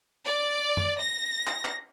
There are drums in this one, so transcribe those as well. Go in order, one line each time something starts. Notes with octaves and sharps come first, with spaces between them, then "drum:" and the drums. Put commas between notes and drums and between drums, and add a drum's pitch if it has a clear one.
D5
drum: tom F#2
A#6
drum: clap
drum: clap